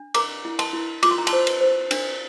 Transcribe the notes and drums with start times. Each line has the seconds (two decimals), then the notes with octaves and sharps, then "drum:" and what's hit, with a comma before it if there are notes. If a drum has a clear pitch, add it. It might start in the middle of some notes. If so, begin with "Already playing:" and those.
Already playing: D4
0.14 A#4 A#5 D6, drum: cymbal
0.45 E4
0.59 A5 C6, drum: cymbal
0.73 E4
1.03 F4 D6, drum: cymbal
1.11 C6
1.18 A#5
1.27 A5 C6, drum: cymbal
1.33 C5
1.47 drum: cymbal
1.61 C5
1.91 D4, drum: cymbal